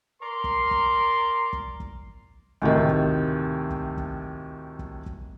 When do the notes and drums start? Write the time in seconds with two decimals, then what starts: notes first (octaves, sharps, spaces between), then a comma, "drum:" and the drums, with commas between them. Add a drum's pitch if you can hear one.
0.21 A#4 D5 A#5 C6
0.44 drum: kick
0.71 drum: kick
1.53 drum: kick
1.80 drum: kick
2.62 D2 A2 C3 D#3, drum: kick
2.89 drum: kick
3.70 drum: kick
3.98 drum: kick
4.79 drum: kick
5.06 drum: kick